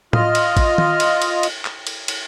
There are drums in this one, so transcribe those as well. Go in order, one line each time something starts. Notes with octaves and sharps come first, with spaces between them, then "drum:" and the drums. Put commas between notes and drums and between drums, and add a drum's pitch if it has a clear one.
F4 D#5 F6, drum: tom A2
drum: cymbal
drum: kick A1, cymbal
drum: tom D#3
drum: cymbal
drum: cymbal
drum: cymbal
drum: clap
drum: cymbal
drum: cymbal